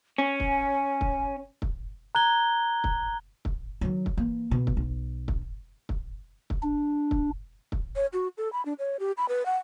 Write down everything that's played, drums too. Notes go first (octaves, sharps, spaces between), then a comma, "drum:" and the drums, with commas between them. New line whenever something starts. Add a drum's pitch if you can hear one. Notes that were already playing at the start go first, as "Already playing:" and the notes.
C#4 G#5
drum: kick
drum: kick
drum: kick
A#5 F#6 G#6 G7
drum: kick
drum: kick
D#3 F#3
drum: kick
E3 A#3
B2
drum: kick
B1
drum: kick
drum: kick
drum: kick
D4
drum: kick
drum: kick
C#5
F#4
A4
B5
D4
C#5
G4
B5
B4
F#5